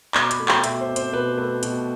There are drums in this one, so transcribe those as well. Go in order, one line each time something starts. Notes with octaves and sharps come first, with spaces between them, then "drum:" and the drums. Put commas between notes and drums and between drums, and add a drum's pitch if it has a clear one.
B2 D6, drum: clap
B5, drum: hi-hat
A3
G5, drum: clap
B2 E5, drum: hi-hat
C5
C4
C5, drum: hi-hat
B2 B4
A3 B4
B2, drum: hi-hat